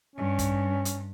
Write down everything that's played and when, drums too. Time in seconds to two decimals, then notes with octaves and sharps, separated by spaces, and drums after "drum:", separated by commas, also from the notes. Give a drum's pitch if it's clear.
0.15 G2 C#4
0.39 drum: kick, hi-hat
0.85 drum: hi-hat